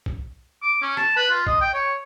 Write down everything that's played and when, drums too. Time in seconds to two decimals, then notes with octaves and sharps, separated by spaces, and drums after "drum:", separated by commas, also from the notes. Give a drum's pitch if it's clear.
0.06 drum: kick A#1
0.62 D6
0.82 C#4
0.97 A5, drum: rim click
1.16 B4
1.30 F4
1.47 D#5, drum: kick A#1
1.61 G5
1.74 C#5